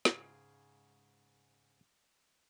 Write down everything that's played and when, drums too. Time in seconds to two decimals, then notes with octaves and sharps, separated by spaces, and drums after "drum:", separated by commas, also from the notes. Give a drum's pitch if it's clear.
0.05 G#2 C#3 G#4 F5 G5, drum: snare